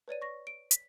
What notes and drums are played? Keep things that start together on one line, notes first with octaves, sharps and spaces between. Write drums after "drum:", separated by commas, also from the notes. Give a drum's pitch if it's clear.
B4 C#5 D5 D#7
C#6 A#6
D7
B6, drum: hi-hat